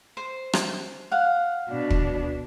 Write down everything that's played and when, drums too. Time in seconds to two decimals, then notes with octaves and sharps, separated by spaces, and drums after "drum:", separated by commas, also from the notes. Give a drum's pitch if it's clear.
0.17 C5
0.53 drum: rim click
1.11 F5 F#5
1.69 B2 D4
1.90 drum: kick